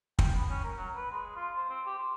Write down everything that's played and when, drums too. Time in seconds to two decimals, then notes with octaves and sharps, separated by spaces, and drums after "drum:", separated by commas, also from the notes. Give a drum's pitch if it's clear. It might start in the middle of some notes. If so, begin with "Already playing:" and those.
0.19 G5, drum: kick
0.35 B3
0.50 C#4
0.64 A#4
0.77 F#3
0.95 B4
1.11 G#3
1.36 F4
1.56 C5
1.70 C4
1.87 G4
1.98 C5